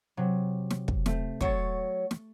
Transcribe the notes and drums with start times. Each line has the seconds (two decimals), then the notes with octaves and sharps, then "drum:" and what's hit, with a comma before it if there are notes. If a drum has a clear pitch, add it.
0.17 C3 F#3
0.70 drum: snare
0.88 drum: kick
1.06 A3 C4, drum: snare
1.41 F#3 C#5 C#6 A6, drum: kick
2.11 drum: snare